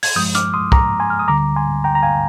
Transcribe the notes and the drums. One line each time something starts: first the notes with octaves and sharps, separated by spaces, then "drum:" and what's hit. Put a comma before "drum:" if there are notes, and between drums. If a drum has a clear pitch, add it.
G#6, drum: open hi-hat
G2 F3 G#3 D#6 G6
D6 F6, drum: hi-hat
C6 D#6
A#5 D6, drum: kick
G#5 C6
F6
D#6
D2 D3 G3 A#5 D6
G#5 C6
G5 A#5
A#5
F5 G#5